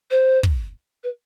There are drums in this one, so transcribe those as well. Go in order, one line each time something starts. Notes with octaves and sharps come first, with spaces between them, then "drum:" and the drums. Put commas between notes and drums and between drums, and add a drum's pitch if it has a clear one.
C5
drum: kick
B4